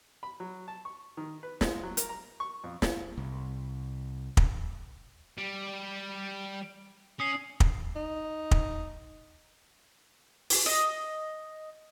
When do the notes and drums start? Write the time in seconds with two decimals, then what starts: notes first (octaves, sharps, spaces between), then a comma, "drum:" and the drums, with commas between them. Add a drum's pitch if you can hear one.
0.23 B5
0.40 F#3
0.68 A5
0.85 C#6
1.17 D#3
1.43 B4
1.61 G#3, drum: snare
1.83 F#3
1.97 A#4, drum: hi-hat
2.09 A#5
2.40 C#6
2.64 F2
2.82 drum: snare
3.18 C2
4.37 drum: kick
5.38 G3
7.20 C#4 D#6 C7
7.60 drum: kick
7.96 D#4
8.51 drum: kick
10.50 drum: open hi-hat
10.66 D#5